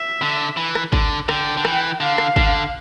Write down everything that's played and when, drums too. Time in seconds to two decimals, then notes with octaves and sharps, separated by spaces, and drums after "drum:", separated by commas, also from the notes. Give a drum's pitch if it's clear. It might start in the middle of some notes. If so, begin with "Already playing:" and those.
Already playing: E5
0.22 D3
0.57 E3
0.75 drum: rim click
0.93 D3, drum: kick G#1
1.29 D3 G5, drum: rim click
1.57 D3
1.65 E3, drum: rim click
2.00 D3 F5
2.18 drum: rim click
2.36 D3, drum: kick G#1